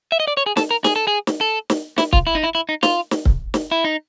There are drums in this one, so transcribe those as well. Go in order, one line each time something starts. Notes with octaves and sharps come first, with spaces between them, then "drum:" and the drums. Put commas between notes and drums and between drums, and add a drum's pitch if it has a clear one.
E5
D#5
D5
C#5
G#4
A4, drum: snare
A#4
G#4, drum: snare
A4
G#4
drum: snare
A4
drum: snare
E4, drum: snare
F4, drum: kick C#1
E4
D#4
E4
E4
D#4
F4, drum: snare
drum: snare
drum: kick C#1
drum: snare
E4
D#4